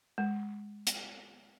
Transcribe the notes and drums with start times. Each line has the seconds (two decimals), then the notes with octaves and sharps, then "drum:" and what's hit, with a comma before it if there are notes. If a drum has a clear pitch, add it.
0.18 G#3
0.87 drum: hi-hat